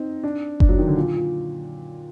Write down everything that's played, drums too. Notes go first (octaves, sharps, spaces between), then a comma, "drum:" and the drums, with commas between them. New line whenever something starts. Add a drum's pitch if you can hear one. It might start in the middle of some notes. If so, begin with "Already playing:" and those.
Already playing: C4 D#4
D4
D4, drum: kick F#1
F#3
D#3
D3
A#2
A#2